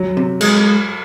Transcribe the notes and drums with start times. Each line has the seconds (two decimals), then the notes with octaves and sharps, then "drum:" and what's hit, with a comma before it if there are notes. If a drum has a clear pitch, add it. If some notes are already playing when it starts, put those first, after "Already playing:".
Already playing: F#3
0.17 C3
0.41 G#3, drum: cymbal